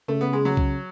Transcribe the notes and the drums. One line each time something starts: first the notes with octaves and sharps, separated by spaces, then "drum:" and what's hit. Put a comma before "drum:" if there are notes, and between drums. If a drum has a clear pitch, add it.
C#3 A3
B3
G#3
F#3
drum: kick C2